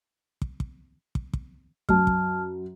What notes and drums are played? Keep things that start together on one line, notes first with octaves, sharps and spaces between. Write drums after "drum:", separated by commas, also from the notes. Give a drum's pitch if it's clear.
drum: kick
drum: kick
drum: kick
drum: kick
F#2 A5 F6, drum: kick
drum: kick